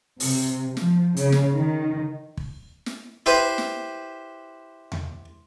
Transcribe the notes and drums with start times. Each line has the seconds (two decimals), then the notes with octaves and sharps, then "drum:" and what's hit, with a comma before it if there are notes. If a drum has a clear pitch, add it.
0.20 C3, drum: open hi-hat
0.77 F3, drum: snare
1.17 C#3, drum: hi-hat
1.32 drum: snare
1.54 D#3
2.37 drum: kick
2.86 drum: snare
3.26 E4 G4 B4 C5
3.58 drum: snare
4.92 drum: tom E2